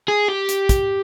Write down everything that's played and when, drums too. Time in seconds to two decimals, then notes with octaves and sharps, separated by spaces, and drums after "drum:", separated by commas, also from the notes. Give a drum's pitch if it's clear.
0.08 G#4
0.28 G4
0.49 drum: hi-hat
0.69 drum: kick, hi-hat